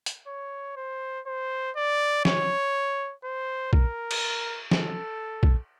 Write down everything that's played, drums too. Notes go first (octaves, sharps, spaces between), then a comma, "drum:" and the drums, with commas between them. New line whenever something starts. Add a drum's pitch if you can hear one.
drum: hi-hat
C#5
C5
C5
D5
C#5, drum: snare
C5
A#4, drum: kick
drum: cymbal
A4, drum: snare
drum: kick